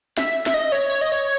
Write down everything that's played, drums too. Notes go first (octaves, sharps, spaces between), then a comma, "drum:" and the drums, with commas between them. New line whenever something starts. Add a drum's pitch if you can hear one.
E5, drum: snare
E5, drum: snare
D#5
C#5
C#5
D#5
C#5